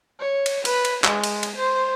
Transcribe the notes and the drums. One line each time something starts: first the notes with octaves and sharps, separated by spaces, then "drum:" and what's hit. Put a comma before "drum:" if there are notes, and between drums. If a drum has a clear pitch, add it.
C#5
drum: cymbal
B4, drum: cymbal
drum: cymbal
G#3, drum: clap
drum: cymbal
drum: cymbal
C5